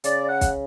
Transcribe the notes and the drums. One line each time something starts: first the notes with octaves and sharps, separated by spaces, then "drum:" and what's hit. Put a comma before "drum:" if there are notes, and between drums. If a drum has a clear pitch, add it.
C#3 D5, drum: hi-hat
F#5
drum: kick, hi-hat